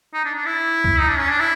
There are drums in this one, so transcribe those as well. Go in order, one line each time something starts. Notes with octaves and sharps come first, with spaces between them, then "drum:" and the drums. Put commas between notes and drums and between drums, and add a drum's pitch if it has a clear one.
D#4
D4
D4
E4
drum: kick C#2
D#4
D4
C#4
D4
E4